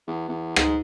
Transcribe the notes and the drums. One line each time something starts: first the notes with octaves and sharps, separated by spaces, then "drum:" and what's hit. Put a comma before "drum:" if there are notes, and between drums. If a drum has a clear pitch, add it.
E2
E2
G#2, drum: rim click